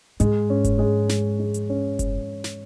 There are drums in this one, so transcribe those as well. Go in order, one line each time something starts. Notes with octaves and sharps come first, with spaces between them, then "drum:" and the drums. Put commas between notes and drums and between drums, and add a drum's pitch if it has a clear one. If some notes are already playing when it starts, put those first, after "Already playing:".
G#2 G#3, drum: hi-hat
C#4
drum: kick F#1, hi-hat
G#3
G#3, drum: snare
G#3
drum: hi-hat
C#4
drum: kick F#1, hi-hat
drum: snare